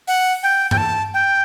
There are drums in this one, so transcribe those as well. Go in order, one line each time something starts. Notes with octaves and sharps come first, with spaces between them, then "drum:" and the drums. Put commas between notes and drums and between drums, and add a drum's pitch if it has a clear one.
F#5, drum: open hi-hat
G5
G5, drum: tom G2
A5
G5